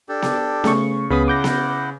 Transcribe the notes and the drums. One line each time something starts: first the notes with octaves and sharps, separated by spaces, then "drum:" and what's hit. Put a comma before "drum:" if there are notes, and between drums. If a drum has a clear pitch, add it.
D4 G4 A4
drum: snare B3
C#3 A3 C#6, drum: snare B3
C#2 C#3 B3 B5 D#6
E4 F#5 D6 G6 A#6
drum: snare B3